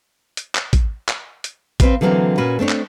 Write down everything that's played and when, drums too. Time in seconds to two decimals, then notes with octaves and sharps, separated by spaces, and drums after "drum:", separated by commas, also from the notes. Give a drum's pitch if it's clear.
0.37 drum: hi-hat
0.55 drum: clap
0.73 drum: kick, hi-hat
1.09 drum: clap
1.44 drum: hi-hat
1.80 C4 B4 F5, drum: kick, hi-hat
2.01 D3 E3 F#3 G3 A#3 C4
2.38 A#2 C#4 F#4 B4
2.59 A3 C4 D4 C#5
2.69 drum: clap